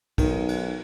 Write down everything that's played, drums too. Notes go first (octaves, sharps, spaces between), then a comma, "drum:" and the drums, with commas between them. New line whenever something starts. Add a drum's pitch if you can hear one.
B1 D#3, drum: kick, cymbal
drum: cymbal